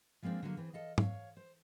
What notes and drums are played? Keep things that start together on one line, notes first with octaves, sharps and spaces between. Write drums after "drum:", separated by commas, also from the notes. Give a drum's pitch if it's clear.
F3 G#3 A#3 C4 D4
D3 F#3 G#3 A#3
E3 C4
A4 D#5 F5
C#5 F5, drum: tom
C5